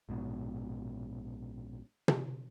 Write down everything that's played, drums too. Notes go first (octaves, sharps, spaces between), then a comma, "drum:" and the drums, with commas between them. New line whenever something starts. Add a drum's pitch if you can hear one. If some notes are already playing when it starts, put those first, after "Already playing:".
A#1 G#2 B2
drum: tom